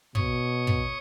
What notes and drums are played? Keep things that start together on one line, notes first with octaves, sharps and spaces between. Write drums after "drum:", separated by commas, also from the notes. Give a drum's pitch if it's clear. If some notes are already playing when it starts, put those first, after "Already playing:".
B2 C#5 C#6 D#6, drum: kick
drum: kick